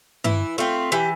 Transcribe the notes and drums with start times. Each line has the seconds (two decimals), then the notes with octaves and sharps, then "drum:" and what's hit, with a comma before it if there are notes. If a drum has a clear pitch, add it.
0.24 E3 E4, drum: tom G2
0.58 A3 C4 F4
0.92 E3 G4